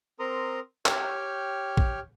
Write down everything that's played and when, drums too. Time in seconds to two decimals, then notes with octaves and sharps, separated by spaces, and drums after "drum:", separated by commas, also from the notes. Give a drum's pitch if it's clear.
0.19 C4 A#4 A#5 C6 D#6
0.86 G4 C#5 G5 F6, drum: clap
1.77 drum: kick A1